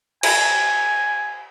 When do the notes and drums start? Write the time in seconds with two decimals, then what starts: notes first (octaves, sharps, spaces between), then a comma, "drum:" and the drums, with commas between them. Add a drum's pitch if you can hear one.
0.23 G#5, drum: cymbal